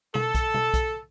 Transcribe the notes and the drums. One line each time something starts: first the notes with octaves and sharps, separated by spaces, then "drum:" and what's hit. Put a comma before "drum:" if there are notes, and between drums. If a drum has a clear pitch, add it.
A4, drum: tom B2
drum: kick B1, hi-hat
drum: tom B2
drum: kick B1, hi-hat